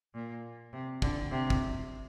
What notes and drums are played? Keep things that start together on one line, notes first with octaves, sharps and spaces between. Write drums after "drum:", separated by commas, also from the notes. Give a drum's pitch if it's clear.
A#2
C3
D3, drum: kick
C3
drum: kick